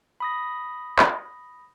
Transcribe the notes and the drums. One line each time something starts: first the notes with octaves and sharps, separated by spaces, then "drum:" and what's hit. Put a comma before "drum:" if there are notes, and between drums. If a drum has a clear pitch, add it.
B5 D#6 A#6
drum: clap